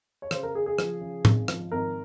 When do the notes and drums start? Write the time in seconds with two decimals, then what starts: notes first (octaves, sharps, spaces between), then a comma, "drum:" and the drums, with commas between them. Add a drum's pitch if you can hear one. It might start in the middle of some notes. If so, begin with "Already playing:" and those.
0.22 C#5
0.31 C#3 C5, drum: rim click
0.43 A#4
0.54 C#3 G#4
0.66 G#4
0.78 F3, drum: rim click
1.01 C#3
1.25 G#1, drum: tom
1.48 F3, drum: rim click
1.71 G#1 A#4